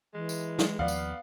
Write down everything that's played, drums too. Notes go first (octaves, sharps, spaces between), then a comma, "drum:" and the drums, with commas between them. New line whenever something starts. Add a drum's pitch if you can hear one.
E3 G#3
drum: tambourine
drum: snare
D#2 F3 B3 D5 F5
drum: tambourine